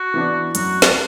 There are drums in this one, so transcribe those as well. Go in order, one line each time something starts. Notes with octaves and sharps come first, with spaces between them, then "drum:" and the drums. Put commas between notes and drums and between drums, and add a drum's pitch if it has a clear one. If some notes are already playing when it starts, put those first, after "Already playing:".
Already playing: F#4
E3 B3 D4
F#2 F#4, drum: hi-hat
drum: snare